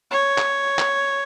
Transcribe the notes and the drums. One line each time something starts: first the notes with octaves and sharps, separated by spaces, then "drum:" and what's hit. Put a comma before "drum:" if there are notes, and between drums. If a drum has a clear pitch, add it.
C#5
drum: clap
drum: clap